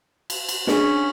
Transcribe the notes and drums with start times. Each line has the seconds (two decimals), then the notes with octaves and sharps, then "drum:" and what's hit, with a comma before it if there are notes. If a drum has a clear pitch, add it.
0.30 drum: cymbal
0.49 drum: cymbal
0.67 C#4 D4 G#4 B6, drum: snare